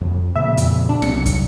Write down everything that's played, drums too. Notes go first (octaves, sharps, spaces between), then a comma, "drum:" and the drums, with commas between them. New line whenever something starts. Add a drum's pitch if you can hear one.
F2
A#2 C#3 F3 E5
F2, drum: hi-hat
D4
C2 C3 F#3 C#7, drum: snare
drum: kick, hi-hat